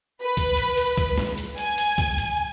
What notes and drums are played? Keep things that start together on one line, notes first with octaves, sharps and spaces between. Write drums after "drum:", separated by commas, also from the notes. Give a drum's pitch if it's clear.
B4
drum: kick C#2, hi-hat
drum: hi-hat
drum: hi-hat
drum: kick C#2, hi-hat
drum: snare
drum: hi-hat
G#5, drum: hi-hat
drum: hi-hat
drum: kick C#2, hi-hat
drum: hi-hat